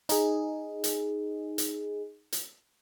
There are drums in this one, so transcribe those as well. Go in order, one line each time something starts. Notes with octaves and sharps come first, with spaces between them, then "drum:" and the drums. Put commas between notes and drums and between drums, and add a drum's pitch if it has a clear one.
D#4 G#4, drum: hi-hat
drum: hi-hat
drum: hi-hat
drum: hi-hat